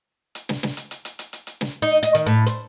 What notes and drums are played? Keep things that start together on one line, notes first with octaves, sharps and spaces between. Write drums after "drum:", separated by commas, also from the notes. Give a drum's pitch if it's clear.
drum: hi-hat
drum: snare
drum: snare
drum: hi-hat
drum: hi-hat
drum: hi-hat
drum: hi-hat
drum: hi-hat
drum: hi-hat
drum: snare
D#4
D#5, drum: hi-hat
D#3, drum: hi-hat
A2
C5, drum: hi-hat